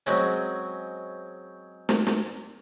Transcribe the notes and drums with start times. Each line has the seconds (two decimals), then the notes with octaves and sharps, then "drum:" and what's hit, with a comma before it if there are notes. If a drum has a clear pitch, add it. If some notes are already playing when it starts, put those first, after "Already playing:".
0.06 F#3 G#3 C4 C#4, drum: hi-hat
1.89 drum: snare
2.07 drum: snare